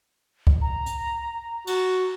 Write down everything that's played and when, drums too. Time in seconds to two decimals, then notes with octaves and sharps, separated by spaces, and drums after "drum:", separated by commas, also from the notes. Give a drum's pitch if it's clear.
0.47 drum: kick C2
0.62 A#5
0.86 drum: hi-hat
1.67 F#4, drum: cymbal